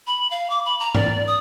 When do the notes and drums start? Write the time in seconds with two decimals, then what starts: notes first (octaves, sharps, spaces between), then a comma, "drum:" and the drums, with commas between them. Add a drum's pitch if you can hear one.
0.07 B5
0.31 F5
0.50 D6
0.65 B5
0.80 A#5
0.95 D5, drum: tom G#2
1.27 D#6